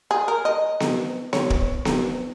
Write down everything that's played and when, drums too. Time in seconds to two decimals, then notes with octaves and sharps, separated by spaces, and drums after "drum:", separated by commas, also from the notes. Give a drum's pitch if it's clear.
0.11 G#4
0.28 A#4
0.45 D#5
0.80 drum: snare B3
1.33 C#5, drum: snare B3
1.50 drum: kick D1
1.85 drum: snare B3